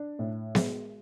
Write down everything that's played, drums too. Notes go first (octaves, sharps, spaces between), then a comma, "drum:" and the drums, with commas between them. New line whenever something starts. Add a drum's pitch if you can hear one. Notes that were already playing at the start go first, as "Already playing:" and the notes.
Already playing: D4
A2
G#3, drum: snare B3